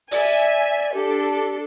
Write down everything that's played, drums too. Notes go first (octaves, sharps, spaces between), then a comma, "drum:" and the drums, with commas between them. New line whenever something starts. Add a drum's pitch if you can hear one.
D5 E5 G#5, drum: open hi-hat
D4 G4 A4